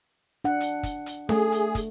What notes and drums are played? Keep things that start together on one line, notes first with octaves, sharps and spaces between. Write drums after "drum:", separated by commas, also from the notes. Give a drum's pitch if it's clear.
D4 F#5
drum: hi-hat
drum: kick, hi-hat
drum: hi-hat
A3 G#4, drum: snare C#4
drum: hi-hat
drum: kick, hi-hat